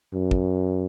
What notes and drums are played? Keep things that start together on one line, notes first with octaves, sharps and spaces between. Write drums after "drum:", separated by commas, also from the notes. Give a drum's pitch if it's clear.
F#2
drum: kick